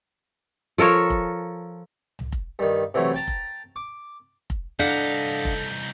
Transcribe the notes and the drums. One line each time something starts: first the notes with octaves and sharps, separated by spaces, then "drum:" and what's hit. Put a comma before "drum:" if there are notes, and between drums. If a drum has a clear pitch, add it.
F3 A4 A#4 C#5
drum: kick F1
drum: tom C2
drum: kick F1
G2 D#3
C3 E3 F#3 A3
G5 A5 A#5
drum: kick F1
D6
drum: kick F1
C2 D4 D#4 A4 F5 F#5 G6 B6
drum: kick F1